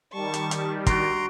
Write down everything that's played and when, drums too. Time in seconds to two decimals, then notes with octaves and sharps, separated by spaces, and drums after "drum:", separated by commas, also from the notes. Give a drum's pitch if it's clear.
0.13 D#3 G3 A5 C#6
0.34 drum: hi-hat
0.51 drum: hi-hat
0.86 D4 F#4 A#5 C6 D7, drum: kick, hi-hat